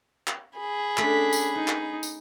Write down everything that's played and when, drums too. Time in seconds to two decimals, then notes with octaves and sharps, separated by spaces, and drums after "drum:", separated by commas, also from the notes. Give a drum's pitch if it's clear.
0.27 drum: clap
0.58 G#4 B5
0.98 A3 C#4 D4 A4 B6, drum: clap
1.33 drum: tambourine
1.56 D#4 B4
1.68 drum: clap
2.03 drum: tambourine